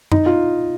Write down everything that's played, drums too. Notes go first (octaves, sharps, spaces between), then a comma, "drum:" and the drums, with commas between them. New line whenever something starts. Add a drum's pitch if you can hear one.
D#4, drum: tom F#2
F4